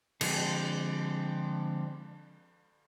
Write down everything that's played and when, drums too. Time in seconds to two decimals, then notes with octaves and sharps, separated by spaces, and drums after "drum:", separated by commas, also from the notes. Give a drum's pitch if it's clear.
0.21 D3 F3 G#3 C4 D4, drum: cymbal